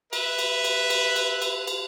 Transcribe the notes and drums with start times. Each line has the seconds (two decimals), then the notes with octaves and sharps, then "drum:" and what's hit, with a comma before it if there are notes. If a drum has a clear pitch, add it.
0.13 B4 E5, drum: cymbal
0.39 drum: cymbal
0.64 drum: cymbal
0.90 drum: cymbal
1.16 drum: cymbal
1.42 drum: cymbal
1.67 drum: cymbal